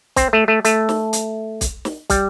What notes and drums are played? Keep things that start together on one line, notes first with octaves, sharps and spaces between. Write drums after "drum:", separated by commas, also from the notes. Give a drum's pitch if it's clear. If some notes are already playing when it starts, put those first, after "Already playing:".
C4, drum: kick, hi-hat
A3
A3
A3, drum: hi-hat
drum: snare
drum: hi-hat
drum: kick, hi-hat
drum: snare
G3, drum: kick, hi-hat